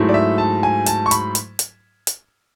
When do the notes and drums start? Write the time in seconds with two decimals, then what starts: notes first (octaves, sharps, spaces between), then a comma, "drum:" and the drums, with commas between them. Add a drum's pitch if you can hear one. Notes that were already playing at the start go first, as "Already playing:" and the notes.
Already playing: G#2 F#3 A3 E4
0.09 D5
0.14 E5
0.38 A5
0.63 G#5
0.86 A5, drum: hi-hat
1.06 C#6
1.11 B5, drum: hi-hat
1.35 drum: hi-hat
1.59 drum: hi-hat
2.07 drum: hi-hat